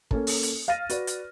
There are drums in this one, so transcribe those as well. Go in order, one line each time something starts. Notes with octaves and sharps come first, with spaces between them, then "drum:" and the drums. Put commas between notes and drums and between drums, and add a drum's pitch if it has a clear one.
A#3 C#4 A4, drum: kick
drum: open hi-hat
drum: hi-hat
F5 F6 A6 A#6 D#7
F#4 B4 D5, drum: hi-hat
drum: hi-hat